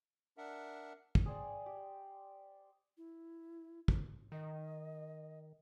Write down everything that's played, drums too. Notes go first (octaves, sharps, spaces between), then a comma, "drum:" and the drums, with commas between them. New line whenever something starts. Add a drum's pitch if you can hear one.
D4 A#4 E5 F#5
drum: kick
G#4 C5 D5 G5
G4
E4
drum: kick
D#3 D#5